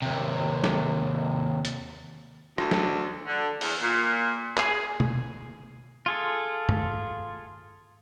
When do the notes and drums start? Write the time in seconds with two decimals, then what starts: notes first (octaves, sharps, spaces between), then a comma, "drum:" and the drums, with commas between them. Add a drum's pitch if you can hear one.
0.02 D#2 C3
0.64 drum: snare
1.65 drum: hi-hat
2.58 D2, drum: rim click
2.71 drum: snare
3.26 D3
3.61 E2, drum: open hi-hat
3.82 A#2
4.57 G#4, drum: clap
5.00 drum: tom B2
6.06 F4 G#4 A4
6.69 drum: tom